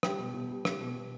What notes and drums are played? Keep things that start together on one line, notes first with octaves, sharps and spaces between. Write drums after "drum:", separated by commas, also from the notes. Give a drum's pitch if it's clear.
G3 G5, drum: rim click
B2
B2
G3
G3, drum: rim click
B2
B2